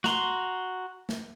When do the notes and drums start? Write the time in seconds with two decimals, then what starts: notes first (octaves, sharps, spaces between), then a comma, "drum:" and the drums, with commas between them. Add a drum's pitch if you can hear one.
0.04 F#4 A#5 C6, drum: snare
1.09 drum: snare